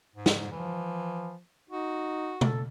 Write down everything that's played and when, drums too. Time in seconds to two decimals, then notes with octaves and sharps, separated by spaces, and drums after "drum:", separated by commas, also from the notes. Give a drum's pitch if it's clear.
0.16 G#2
0.26 drum: snare
0.52 E3 F3
1.70 D#4 F#4
2.41 A4, drum: tom B2